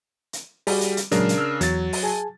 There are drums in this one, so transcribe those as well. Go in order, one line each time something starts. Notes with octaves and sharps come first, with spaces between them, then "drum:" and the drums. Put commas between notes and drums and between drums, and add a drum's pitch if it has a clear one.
drum: hi-hat
G3 F#4 G#4, drum: open hi-hat
drum: hi-hat
drum: hi-hat
A#2 C#3 F#3 G#3 D4 A#4, drum: hi-hat
drum: hi-hat
E6 F6
E2 F#3 A6, drum: hi-hat
drum: open hi-hat
G#4 G#5 A5